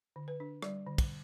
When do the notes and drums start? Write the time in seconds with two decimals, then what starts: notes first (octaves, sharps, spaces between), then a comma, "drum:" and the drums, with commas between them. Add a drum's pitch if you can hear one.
0.16 D3
0.28 B4
0.40 D4
0.62 G3 D5, drum: rim click
0.87 D3
0.98 drum: kick, cymbal